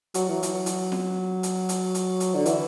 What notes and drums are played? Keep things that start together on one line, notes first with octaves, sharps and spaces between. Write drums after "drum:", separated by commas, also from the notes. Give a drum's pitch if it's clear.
F#3, drum: hi-hat
E3
F#3, drum: hi-hat
drum: hi-hat
drum: snare
drum: hi-hat
drum: hi-hat
drum: hi-hat
drum: hi-hat
D3
E3, drum: hi-hat